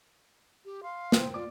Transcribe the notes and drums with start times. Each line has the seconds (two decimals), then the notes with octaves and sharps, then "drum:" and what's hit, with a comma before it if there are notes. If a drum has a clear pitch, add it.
0.65 G4
0.83 F5 C6
1.12 C5 G5, drum: snare
1.34 F4 D5 D6